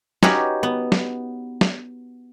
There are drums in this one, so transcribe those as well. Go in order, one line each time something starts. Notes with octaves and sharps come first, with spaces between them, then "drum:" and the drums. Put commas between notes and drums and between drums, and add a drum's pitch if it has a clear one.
C#4 D#4 F#4 G4 B4, drum: snare
B3
drum: snare
drum: snare